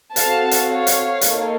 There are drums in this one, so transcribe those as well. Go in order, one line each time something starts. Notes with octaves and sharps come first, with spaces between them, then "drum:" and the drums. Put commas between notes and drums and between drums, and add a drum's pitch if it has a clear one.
C4 F#4 A4 F5 A5, drum: hi-hat
drum: hi-hat
C#5 F5
drum: hi-hat
A#3 D#4 A4, drum: hi-hat